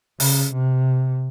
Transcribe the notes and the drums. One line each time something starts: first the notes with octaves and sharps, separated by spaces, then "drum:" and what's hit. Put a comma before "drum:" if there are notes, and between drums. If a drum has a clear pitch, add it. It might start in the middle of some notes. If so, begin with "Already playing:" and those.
C#3, drum: open hi-hat
C3